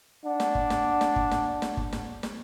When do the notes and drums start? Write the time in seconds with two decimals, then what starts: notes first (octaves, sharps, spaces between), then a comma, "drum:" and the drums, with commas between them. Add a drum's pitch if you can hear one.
0.24 D4 F#5
0.40 drum: snare
0.55 drum: kick
0.70 drum: snare
1.01 drum: snare
1.16 drum: kick
1.31 drum: snare
1.62 drum: snare
1.77 drum: kick
1.93 drum: snare
2.23 drum: snare